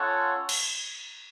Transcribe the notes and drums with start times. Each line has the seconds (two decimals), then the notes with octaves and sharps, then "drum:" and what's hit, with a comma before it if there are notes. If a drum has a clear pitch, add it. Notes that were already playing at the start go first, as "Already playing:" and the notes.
Already playing: C#4 F4 A4 C#5 F#5
0.49 drum: cymbal